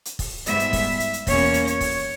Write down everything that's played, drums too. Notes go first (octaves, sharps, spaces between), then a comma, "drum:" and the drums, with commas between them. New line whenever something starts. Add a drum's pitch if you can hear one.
drum: hi-hat
drum: kick, open hi-hat
G#2 G3 B3 E5, drum: hi-hat
drum: hi-hat
drum: kick, open hi-hat
drum: hi-hat
drum: hi-hat
E2 B2 A#3 C#4 C#5, drum: kick, open hi-hat
drum: hi-hat
C#5, drum: hi-hat
drum: kick, open hi-hat